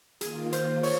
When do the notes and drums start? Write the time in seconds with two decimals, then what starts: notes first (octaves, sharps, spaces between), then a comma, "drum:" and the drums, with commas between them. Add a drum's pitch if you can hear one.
0.21 D#3 A#3 F4 G#4, drum: hi-hat
0.53 C5, drum: hi-hat
0.83 C#5, drum: open hi-hat